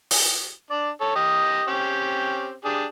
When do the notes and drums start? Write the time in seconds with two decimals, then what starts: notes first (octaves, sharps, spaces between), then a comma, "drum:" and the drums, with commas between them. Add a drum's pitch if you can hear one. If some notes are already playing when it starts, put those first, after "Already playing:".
0.11 drum: open hi-hat
0.71 D4 D5
1.01 A4 C#5
1.16 G4 D#5
1.68 C4 C#4 G4
2.64 D4 G4 G#4